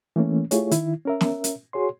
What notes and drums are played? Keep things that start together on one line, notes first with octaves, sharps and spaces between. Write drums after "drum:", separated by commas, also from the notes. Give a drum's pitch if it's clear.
E3 A3 A#3 C#4
A3 E4 F4 G4 G#4 C#5, drum: hi-hat
D#3 E4, drum: hi-hat
C#4 A#4 E5
drum: snare
drum: hi-hat
F#4 G#4 C#5 C6